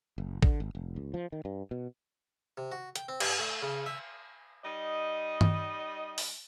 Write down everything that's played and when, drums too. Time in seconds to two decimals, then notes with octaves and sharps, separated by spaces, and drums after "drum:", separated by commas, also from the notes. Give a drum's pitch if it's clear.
0.18 F#1
0.43 D3, drum: kick
0.60 G#1
0.75 F1
0.96 C#2
1.14 F3
1.32 D#3
1.45 G2
1.71 B2
2.57 C3
2.72 F#4
2.96 G5, drum: hi-hat
3.09 C4
3.20 G2, drum: cymbal
3.39 A3
3.62 C#3
3.86 E5
4.64 G3 D#4 D#5
5.41 drum: tom G2
6.18 drum: open hi-hat